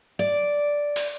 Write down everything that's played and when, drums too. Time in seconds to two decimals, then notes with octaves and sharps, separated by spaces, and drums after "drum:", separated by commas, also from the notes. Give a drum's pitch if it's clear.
0.19 D5
0.96 drum: open hi-hat